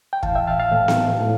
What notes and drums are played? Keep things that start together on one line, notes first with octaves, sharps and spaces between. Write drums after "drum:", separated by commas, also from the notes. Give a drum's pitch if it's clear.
G5
A2 E3 F5 A5, drum: kick
E5 G5
F5 A5
F5 A5
A2 E3
drum: snare B3
A2